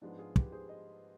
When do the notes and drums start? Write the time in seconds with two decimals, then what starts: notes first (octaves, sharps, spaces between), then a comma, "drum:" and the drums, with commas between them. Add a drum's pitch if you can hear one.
0.01 G#2 F3 G#3 B3 D4 F4
0.18 F4 G#4
0.36 G4 B4, drum: kick
0.52 G#4 C5
0.69 C5 D#5